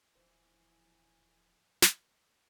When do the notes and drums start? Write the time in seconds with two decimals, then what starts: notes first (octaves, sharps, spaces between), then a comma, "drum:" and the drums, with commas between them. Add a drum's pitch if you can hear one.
0.15 D#1 E2 A2 E3 F3 C5 G#5
1.82 drum: snare